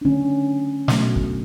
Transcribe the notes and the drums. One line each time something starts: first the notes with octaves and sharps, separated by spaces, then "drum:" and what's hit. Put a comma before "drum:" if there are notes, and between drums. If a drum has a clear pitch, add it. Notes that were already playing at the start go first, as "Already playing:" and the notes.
D4
D3 F#3 A3 C#4
B2 F#3 A3, drum: snare
drum: kick